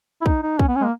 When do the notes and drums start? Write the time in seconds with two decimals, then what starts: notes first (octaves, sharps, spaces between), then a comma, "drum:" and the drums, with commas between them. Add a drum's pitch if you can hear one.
0.21 E4
0.26 D#4, drum: kick
0.43 D#4
0.59 C#4, drum: kick
0.68 B3
0.76 C#4
0.81 G#3
0.84 A#3